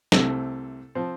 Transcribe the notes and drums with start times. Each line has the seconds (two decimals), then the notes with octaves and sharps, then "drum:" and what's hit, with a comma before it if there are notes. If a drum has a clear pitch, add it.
0.12 C2 C3 A3 C4 A4, drum: snare
0.95 F3 C4